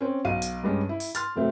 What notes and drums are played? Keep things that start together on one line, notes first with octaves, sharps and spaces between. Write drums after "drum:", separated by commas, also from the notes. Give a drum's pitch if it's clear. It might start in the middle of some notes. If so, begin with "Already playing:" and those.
C4 C#4
B1 F5 D#7
drum: hi-hat
G2 G3 G#3 C#4
E4
drum: open hi-hat
C6 F6 A6, drum: hi-hat
F1 F#3 A3 C4 E5